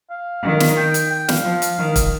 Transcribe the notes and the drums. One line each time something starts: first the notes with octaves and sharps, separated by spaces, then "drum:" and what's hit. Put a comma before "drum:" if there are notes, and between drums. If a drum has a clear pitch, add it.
F5
D#3
drum: snare
G5
drum: hi-hat
G5
F5, drum: snare
F3
drum: hi-hat
D#3
drum: kick, hi-hat